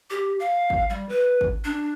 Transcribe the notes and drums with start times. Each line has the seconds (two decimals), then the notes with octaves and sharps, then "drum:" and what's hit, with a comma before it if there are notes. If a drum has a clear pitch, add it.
0.10 G4
0.40 F5
0.70 drum: kick
0.90 G3
1.09 B4
1.41 drum: kick
1.64 D4